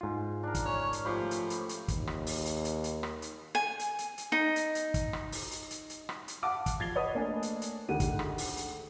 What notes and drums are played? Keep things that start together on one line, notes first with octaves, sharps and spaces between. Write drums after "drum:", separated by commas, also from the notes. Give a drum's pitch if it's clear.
G#2 F4
D4 A#4
drum: kick, hi-hat
C#4 C#5
drum: hi-hat
A2 F3 G4 B5
drum: hi-hat
drum: hi-hat
drum: hi-hat
D#2, drum: kick, hi-hat
drum: rim click
drum: open hi-hat
drum: hi-hat
drum: hi-hat
drum: hi-hat
drum: rim click
drum: hi-hat
G#5
drum: hi-hat
drum: hi-hat
drum: hi-hat
D#4
drum: hi-hat
drum: hi-hat
drum: kick, hi-hat
drum: rim click
drum: open hi-hat
drum: hi-hat
drum: hi-hat
drum: hi-hat
drum: rim click
drum: hi-hat
F5 F#5 A5 B5 D6
drum: kick, hi-hat
F3 G#6 A6 C7 F7 G7
B4 C#5 D#5 F#5 B5 D#6
A3 A#3 D4 C#5 D#5 G#5
drum: hi-hat
drum: hi-hat
D2 D#3 G#3 G4 F#5 D#7
drum: kick, hi-hat
drum: rim click
drum: open hi-hat
drum: hi-hat